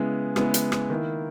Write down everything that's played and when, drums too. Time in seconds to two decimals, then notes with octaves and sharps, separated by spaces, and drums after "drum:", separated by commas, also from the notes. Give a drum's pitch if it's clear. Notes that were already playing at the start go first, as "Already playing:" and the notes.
Already playing: C#3 G#3 B3 E4
0.36 C#3 G#3 B3 E4, drum: rim click
0.54 drum: hi-hat
0.72 drum: rim click
0.90 D#3 A#3 E4